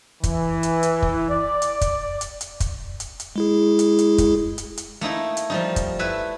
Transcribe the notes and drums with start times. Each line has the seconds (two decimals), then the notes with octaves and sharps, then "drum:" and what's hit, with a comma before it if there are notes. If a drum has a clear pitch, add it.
0.24 E3, drum: kick, hi-hat
0.63 drum: hi-hat
0.83 drum: hi-hat
1.02 drum: kick
1.30 D5
1.62 drum: hi-hat
1.81 drum: kick, hi-hat
2.21 drum: hi-hat
2.41 drum: hi-hat
2.60 drum: kick, hi-hat
3.00 drum: hi-hat
3.20 drum: hi-hat
3.36 G#3 E4 G#4
3.79 drum: hi-hat
3.99 drum: hi-hat
4.18 drum: kick, hi-hat
4.58 drum: hi-hat
4.78 drum: hi-hat
5.01 A3 A#3 D#4 E4
5.37 drum: hi-hat
5.50 F3 G3 D#4
5.76 drum: kick, hi-hat
5.99 A3 E4 B4 E5